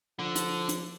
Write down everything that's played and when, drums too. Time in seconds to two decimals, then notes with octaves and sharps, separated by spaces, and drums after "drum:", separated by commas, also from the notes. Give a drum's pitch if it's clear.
0.19 D3 F3
0.36 drum: hi-hat
0.69 drum: hi-hat